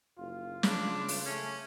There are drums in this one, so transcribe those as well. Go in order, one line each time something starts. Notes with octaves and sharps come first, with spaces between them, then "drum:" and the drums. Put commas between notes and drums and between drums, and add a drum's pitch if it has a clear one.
F#1 F4
C#3 D4, drum: snare
drum: open hi-hat
A3 C#4